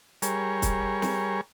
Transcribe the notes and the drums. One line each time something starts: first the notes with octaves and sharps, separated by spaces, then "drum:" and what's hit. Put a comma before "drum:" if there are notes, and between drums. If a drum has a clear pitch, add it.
G3 G#4 A#4 C#5, drum: hi-hat
drum: kick, hi-hat
drum: snare